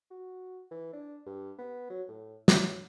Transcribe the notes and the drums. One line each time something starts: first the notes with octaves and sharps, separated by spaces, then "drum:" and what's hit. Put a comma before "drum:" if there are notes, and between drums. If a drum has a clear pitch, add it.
F#4
E3
D4
G2
B3
F#3
A2
F#3, drum: snare